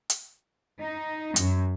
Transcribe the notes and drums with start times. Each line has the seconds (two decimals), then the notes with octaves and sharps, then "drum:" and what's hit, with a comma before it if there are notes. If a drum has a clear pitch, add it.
0.10 drum: hi-hat
0.80 D#4
1.36 F#2, drum: hi-hat